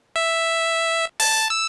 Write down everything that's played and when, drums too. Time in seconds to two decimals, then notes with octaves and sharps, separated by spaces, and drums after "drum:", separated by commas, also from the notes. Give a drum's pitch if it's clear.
0.16 E5
1.20 A5, drum: open hi-hat
1.50 E6